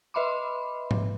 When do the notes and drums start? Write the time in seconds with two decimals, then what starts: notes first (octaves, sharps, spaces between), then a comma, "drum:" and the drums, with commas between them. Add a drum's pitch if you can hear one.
0.14 B4 D#5 E5 B5 C6 D6
0.91 drum: tom G#2